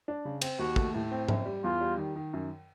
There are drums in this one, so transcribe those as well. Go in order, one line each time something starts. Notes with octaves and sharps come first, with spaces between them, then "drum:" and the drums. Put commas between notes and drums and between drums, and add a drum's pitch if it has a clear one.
D4
C#3
C4, drum: cymbal
D#2 F#4
A3, drum: kick
A2
C4
F#1, drum: tom G#2
G3
E2 F4
G3
D#3
D#3
F#2